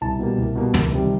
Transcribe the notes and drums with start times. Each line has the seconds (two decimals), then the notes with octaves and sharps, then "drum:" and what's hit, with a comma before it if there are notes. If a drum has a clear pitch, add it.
0.01 C2 A5
0.19 B2 G3 A#3
0.38 C2
0.55 B2 G3 A#3
0.74 C#2, drum: tom
0.92 C3 D#3 G3